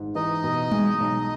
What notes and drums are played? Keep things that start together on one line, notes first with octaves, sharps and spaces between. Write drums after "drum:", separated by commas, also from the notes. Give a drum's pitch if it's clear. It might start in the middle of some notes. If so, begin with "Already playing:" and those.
Already playing: G#1 G#2
E3 D#4 D#5
B2
G#3, drum: tom G3
B1